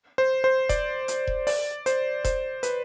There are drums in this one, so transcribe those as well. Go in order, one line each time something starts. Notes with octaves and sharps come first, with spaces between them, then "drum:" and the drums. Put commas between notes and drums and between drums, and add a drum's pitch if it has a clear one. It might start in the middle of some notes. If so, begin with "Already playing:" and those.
C5
C5
D5, drum: kick E1, hi-hat
drum: hi-hat
drum: kick E1
D5, drum: open hi-hat
C5, drum: hi-hat
C5, drum: kick E1, hi-hat
B4, drum: hi-hat